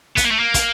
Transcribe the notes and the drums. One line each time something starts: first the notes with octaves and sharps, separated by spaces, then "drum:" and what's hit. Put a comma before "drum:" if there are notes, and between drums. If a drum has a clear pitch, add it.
B3, drum: kick, hi-hat
A#3
A3
A#3
drum: kick, hi-hat